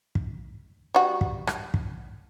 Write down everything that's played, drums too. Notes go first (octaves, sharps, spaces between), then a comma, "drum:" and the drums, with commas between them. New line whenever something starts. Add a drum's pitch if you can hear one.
drum: kick
G3 F#4
drum: kick
drum: rim click
drum: kick